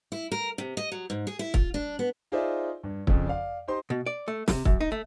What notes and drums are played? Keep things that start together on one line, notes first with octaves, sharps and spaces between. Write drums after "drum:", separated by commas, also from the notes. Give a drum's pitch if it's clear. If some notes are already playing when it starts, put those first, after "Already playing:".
E4
A#4
C3
D#5
F#3
G#2
G#4
E4
F4, drum: kick
D4
B3
D#4 F4 G#4 C5 D5 E5
G2
F2 C#3 F3, drum: kick
D5 F5
D#4 G4 C5 C6
B2
D5
A3
C3, drum: snare
F#2, drum: kick
D#4
A3